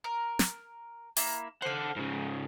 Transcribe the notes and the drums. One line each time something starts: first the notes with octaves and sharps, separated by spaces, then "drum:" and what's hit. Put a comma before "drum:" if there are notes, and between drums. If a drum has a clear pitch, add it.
A#4
drum: snare
A#3 E4, drum: open hi-hat
A4 C5 F5 F#5
G#2 C#3